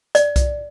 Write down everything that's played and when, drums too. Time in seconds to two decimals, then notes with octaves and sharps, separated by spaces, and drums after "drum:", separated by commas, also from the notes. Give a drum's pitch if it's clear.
0.15 D5, drum: hi-hat
0.36 drum: kick B1, hi-hat